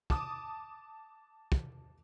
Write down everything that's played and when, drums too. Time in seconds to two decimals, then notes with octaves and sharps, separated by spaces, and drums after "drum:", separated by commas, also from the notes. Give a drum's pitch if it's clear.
0.10 A5 D6 D#6, drum: kick
1.52 drum: kick